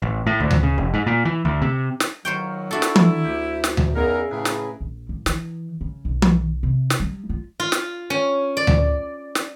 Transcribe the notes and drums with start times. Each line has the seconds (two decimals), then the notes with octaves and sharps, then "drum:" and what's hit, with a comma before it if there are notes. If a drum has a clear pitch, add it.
0.02 A1
0.27 A2
0.40 D2
0.51 drum: tom D2
0.63 C#3
0.78 F1
0.94 G#2
1.07 A#2
1.25 E3
1.45 D2
1.62 C3
2.00 drum: snare
2.25 D#3 F#3 F4 A#4 C5 C#5 F5 G5
2.71 D4 E4 F#4 A4 D5 E5
2.82 drum: snare
2.96 drum: tom
3.25 D2 G4
3.64 drum: snare
3.77 drum: tom D2
3.95 E2 C#3 D#4 G#4 A#4 E5
4.31 A2 C#3 A3 G#4 A#4 B4
4.45 drum: snare
4.81 A#1
5.09 A1
5.26 E3, drum: snare
5.81 C#3
6.05 B1
6.22 drum: tom
6.63 C3
6.90 drum: snare
7.00 G3
7.30 F4
7.60 F4
7.72 drum: snare
8.10 C#4
8.57 D5
8.67 drum: tom D2
9.35 drum: snare